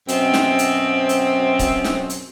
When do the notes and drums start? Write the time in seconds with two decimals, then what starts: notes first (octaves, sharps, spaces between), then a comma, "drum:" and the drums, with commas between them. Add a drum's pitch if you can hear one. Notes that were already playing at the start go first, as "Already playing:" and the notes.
0.08 F#2 B2 C4, drum: hi-hat
0.34 drum: snare
0.59 drum: hi-hat
1.09 drum: hi-hat
1.59 drum: kick C#1, hi-hat
1.84 drum: snare
2.10 drum: hi-hat